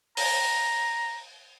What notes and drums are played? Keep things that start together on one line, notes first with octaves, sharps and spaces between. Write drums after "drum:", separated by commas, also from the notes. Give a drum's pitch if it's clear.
A#5, drum: open hi-hat